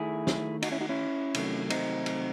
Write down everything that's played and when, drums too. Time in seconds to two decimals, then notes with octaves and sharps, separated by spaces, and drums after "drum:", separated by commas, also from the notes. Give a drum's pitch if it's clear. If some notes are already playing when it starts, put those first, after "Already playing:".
Already playing: D#3 A3 E4 G#4
0.27 drum: snare
0.62 D#4 F#4, drum: cymbal
0.72 C#4 E4
0.81 D#4 F#4
0.89 C#4 E4
1.34 C3 D#3 F#3 A3, drum: cymbal
1.70 C4 D#4, drum: cymbal
2.06 drum: cymbal